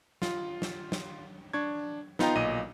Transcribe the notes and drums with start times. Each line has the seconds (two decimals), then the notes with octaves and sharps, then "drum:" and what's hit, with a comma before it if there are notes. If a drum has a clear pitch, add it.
0.22 F4, drum: snare
0.62 drum: snare
0.92 drum: snare
1.53 D4 C#6 G#6
2.19 B3 D#4 F4 F5 G5 A#5, drum: snare
2.35 B1 A#2 D#5 D#7